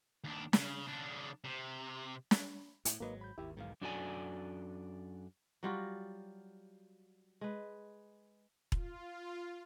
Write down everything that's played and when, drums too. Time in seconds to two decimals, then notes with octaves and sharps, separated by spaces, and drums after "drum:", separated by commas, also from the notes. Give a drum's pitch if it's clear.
0.24 D#2 D4
0.53 C#3, drum: snare
0.87 C#3 D4
1.44 C3
2.31 drum: snare
2.85 A2 E4, drum: hi-hat
3.00 G#1 G#2 F#3 A#3 B4 D#5
3.21 B5 G6
3.38 G#1 D#2 E4 G4 E5
3.57 B1 E2 G#2 D#3 F5
3.81 F#2 D4 F#4 A4 D5 G#5
5.63 F#3 G3 F4 F#4
7.41 G#3 B4
8.72 F4, drum: kick E1